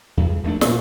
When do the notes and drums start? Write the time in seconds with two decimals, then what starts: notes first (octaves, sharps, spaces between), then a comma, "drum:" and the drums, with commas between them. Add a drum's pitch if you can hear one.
0.17 E2 G2
0.43 D#1 A#1 A3 D4
0.61 A#2 A#3 C#4, drum: snare